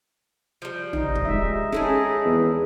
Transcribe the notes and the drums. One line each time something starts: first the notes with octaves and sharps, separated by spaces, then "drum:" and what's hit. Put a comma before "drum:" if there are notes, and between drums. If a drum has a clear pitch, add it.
F3 G3
D#4, drum: tom
drum: kick
G#3 D#4 E5
G#3 C#4 D#4 E4 G#4 A4
E2